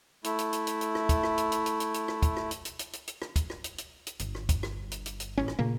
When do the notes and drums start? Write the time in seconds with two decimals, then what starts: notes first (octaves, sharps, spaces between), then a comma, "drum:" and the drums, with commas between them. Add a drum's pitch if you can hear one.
0.24 A3 E4, drum: hi-hat
0.38 drum: hi-hat
0.53 drum: hi-hat
0.67 drum: hi-hat
0.81 drum: hi-hat
0.95 drum: rim click
1.09 drum: kick, hi-hat
1.23 drum: rim click
1.38 drum: hi-hat
1.52 drum: hi-hat
1.66 drum: hi-hat
1.80 drum: hi-hat
1.94 drum: hi-hat
2.08 drum: rim click
2.23 drum: kick, hi-hat
2.37 drum: rim click
2.51 drum: hi-hat
2.65 drum: hi-hat
2.79 drum: hi-hat
2.93 drum: hi-hat
3.07 drum: hi-hat
3.22 drum: rim click
3.36 drum: kick, hi-hat
3.50 drum: rim click
3.64 drum: hi-hat
3.78 drum: hi-hat
4.07 drum: hi-hat
4.19 G1 G2, drum: hi-hat
4.35 drum: rim click
4.49 drum: kick, hi-hat
4.63 drum: rim click
4.91 drum: hi-hat
5.06 drum: hi-hat
5.20 drum: hi-hat
5.38 A1 C#4
5.48 drum: rim click
5.59 A#2 C#3 A#3